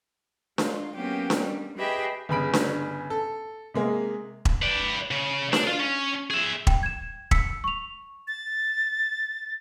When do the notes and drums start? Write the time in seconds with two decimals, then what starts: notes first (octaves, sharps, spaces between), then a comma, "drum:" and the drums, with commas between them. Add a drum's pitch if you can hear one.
0.58 G#3 F4, drum: snare D4
0.96 F#3 A#3 B3 C#4 G4
1.30 drum: snare D4
1.40 G3
1.77 G4 G#4 B4 D#5 E5 G5
2.29 G1 C#3 B5 D7
2.53 drum: snare D4
3.10 A4
3.74 C3 G#3 A#3
4.45 drum: kick E1
4.62 B4 D5
5.11 C#3
5.53 D4, drum: snare D4
5.67 F4
5.79 C#4
6.31 G#4 E5
6.67 G5, drum: kick E1
6.83 G#6 E7
7.31 E6 B6 C#7, drum: kick E1
7.64 C#6 F7
8.28 A6